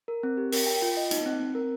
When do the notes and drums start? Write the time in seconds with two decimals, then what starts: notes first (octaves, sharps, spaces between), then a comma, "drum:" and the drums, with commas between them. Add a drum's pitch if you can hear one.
0.08 A#4
0.23 C4
0.37 G4
0.52 A#4, drum: open hi-hat
0.67 G5
0.82 F4
0.97 D#5
1.11 D#4, drum: hi-hat
1.26 C4
1.41 C4
1.55 A#4